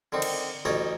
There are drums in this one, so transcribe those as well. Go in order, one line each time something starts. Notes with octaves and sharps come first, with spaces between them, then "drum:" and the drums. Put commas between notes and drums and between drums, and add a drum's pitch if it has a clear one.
D3 D#3 C4 D#4
drum: cymbal
A1 D2 D#4 C#5 D5 A#5